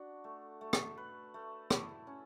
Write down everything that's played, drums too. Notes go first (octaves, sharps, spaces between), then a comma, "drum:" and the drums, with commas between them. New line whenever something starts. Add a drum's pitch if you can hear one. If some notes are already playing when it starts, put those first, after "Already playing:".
Already playing: D4 F#4
A3
A3
drum: rim click
B4
A3
E4, drum: rim click
C#4